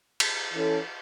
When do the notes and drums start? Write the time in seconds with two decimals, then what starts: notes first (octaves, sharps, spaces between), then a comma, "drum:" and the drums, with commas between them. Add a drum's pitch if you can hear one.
0.20 drum: cymbal
0.54 E3 C#4 A4